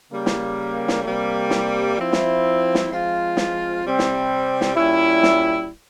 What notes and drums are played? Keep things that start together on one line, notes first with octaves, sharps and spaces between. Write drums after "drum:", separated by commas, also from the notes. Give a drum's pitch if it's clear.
C#3 G3 A#3
drum: snare
drum: snare
C3 G3 A#3
drum: snare
F3 C4 E4
drum: snare
drum: snare
F3 G#3 C4 F4
drum: snare
C3 G3 C4
drum: snare
drum: snare
A#2 G3 C#4 E4
drum: snare